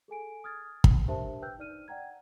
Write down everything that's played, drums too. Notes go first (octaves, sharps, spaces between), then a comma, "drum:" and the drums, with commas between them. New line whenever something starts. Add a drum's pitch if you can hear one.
G#4 A4 G#5 D7
D#6 F6 G#6 A6
drum: kick
D4 G4 A#4 C5 E5 A5
B4 G5 E6 F#6 G6
D#4 D5 F6 D#7
D5 F#5 G5 A#5 G#6